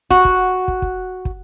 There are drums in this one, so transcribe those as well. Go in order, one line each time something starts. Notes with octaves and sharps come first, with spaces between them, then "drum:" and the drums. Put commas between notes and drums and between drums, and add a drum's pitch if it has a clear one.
F#4, drum: kick
drum: kick
drum: kick
drum: kick
drum: kick